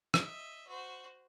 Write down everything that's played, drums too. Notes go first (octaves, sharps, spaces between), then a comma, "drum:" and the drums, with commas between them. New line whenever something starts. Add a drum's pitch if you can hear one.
D#5 E5, drum: rim click
F#4 C5